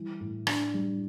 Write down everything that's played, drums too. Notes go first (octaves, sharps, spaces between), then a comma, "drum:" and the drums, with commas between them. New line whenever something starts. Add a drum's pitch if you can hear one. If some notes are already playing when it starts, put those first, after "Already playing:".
Already playing: E3 G3
A2
D4, drum: rim click
G3